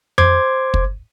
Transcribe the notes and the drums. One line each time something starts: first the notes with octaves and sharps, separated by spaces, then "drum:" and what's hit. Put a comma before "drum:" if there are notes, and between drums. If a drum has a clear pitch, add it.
C5 C6 D6 G#6, drum: tom F2
drum: kick